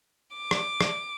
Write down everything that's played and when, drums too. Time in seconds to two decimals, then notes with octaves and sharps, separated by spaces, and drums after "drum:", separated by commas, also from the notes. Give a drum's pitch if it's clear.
0.37 D6
0.51 drum: rim click
0.81 drum: rim click